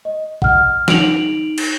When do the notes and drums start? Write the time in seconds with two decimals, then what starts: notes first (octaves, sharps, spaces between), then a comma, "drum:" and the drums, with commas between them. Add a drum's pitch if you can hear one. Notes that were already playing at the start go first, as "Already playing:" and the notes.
0.05 D#5
0.42 F#5 F6, drum: kick
0.88 D#4 D7 F7 F#7, drum: snare
1.58 drum: cymbal